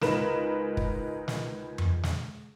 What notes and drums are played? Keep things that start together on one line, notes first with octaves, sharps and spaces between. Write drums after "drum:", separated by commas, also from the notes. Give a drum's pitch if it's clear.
C#2 G#3 D#4 A#4 B4 E7, drum: snare
drum: kick
drum: snare
drum: tom F2
drum: snare